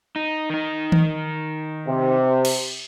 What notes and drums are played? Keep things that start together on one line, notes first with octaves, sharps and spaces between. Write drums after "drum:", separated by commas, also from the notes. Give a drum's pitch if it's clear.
D#4
D#3 D#4
drum: tom D#3
C3
drum: cymbal